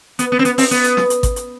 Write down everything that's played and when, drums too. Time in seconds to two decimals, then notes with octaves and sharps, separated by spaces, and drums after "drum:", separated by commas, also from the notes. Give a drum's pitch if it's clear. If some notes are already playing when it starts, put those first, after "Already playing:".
0.19 B3, drum: hi-hat
0.32 B3
0.39 C4
0.45 B3, drum: hi-hat
0.58 C4, drum: open hi-hat
0.71 B3, drum: hi-hat
0.84 drum: hi-hat
0.97 drum: snare
1.10 drum: hi-hat
1.23 drum: kick G#1, hi-hat
1.36 drum: hi-hat